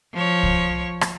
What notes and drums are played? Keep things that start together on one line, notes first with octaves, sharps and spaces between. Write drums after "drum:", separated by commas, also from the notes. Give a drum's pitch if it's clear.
F3 C#5
drum: kick C2
drum: rim click